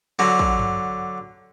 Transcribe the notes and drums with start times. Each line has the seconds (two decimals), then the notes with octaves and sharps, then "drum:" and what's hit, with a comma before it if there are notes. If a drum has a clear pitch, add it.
0.19 D3 F#3
0.39 drum: kick
0.59 drum: tom G2